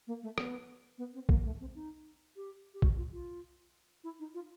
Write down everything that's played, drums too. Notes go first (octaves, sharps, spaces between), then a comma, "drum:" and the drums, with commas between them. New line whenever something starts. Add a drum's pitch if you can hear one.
A#3
A3
B3, drum: rim click
B3
C4
A#3, drum: kick A#1
A3
C4
D#4
G4
G4
F#4, drum: kick A#1
F4
F4
E4
D#4
F4